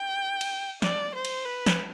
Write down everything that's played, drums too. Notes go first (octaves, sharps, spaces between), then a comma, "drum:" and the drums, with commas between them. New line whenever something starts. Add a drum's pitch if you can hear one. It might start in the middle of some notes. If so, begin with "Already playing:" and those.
Already playing: G5
drum: cymbal
D5, drum: snare
C5
drum: cymbal
B4
drum: snare